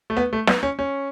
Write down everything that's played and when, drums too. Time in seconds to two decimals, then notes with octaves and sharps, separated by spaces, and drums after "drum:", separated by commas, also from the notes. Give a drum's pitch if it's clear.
0.10 A3
0.17 B3
0.33 A3
0.47 B3, drum: snare
0.63 C#4
0.79 C#4